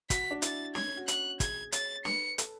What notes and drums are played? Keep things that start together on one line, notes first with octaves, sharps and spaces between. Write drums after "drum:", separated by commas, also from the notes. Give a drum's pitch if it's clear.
F#4 B6, drum: kick, hi-hat
D4
E4 A6, drum: hi-hat
C#4 G#6, drum: snare
C#4
F#4
F#6, drum: hi-hat
G#4 G#6, drum: kick, hi-hat
C#5 A6, drum: hi-hat
B4 C#7, drum: snare
A4, drum: hi-hat